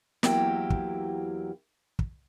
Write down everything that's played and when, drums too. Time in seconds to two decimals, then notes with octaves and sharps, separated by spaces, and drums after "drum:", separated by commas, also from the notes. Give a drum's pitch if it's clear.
0.23 E2 F#3 A#3 E4 G4 G5, drum: snare
0.70 drum: kick
1.99 drum: kick